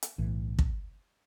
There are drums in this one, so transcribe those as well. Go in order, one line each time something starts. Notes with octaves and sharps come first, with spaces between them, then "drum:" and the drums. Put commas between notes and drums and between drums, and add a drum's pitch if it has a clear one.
drum: hi-hat
B1 A2 E3
drum: kick